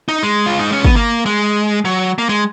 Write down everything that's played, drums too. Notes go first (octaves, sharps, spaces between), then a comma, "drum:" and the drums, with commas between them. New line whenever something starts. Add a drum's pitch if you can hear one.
D#4
G#3
F4
D#4
C#4
B3, drum: kick
A#3
G#3
F#3
A#3
G#3